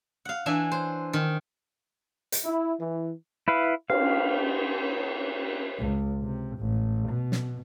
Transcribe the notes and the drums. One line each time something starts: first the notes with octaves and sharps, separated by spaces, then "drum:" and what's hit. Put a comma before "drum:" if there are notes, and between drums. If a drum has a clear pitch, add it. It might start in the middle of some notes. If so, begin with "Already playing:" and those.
F5 F#5
E3 D4 C#5 E5 G#5
C5
D#3
drum: hi-hat
E4
E3
E4 B4 F5
F5, drum: cymbal
C#2
C3
A1
B2
drum: snare